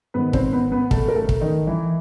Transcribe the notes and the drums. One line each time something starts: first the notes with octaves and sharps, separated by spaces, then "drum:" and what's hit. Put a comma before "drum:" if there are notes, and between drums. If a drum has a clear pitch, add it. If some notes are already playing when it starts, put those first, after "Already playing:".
G#2 D#3 B3 B4
C4 C5, drum: kick
B3 B4
B3 B4
A3 A4, drum: kick
A#4
A3 A4
drum: kick
D#3 D#4
E3 E4